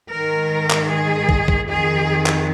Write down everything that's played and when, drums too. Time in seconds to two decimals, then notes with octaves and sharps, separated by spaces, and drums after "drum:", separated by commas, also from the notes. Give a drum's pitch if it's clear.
0.12 G#2 D#3 A#4
0.70 drum: clap
0.90 G#4
1.29 drum: kick
1.48 drum: kick
1.67 F2 D#3 G#4
2.26 drum: clap